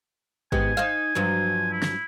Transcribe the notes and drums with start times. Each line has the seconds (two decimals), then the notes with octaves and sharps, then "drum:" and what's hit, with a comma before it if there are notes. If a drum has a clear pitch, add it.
0.52 G#2 B3 G4 G#5, drum: kick
0.77 D#4 C5 F5
1.15 G2 F3 F#3
1.71 E4
1.82 drum: snare